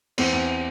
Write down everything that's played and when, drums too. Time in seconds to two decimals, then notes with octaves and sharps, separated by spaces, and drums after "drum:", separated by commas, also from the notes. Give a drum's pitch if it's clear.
0.18 E2 C4, drum: cymbal
0.33 E2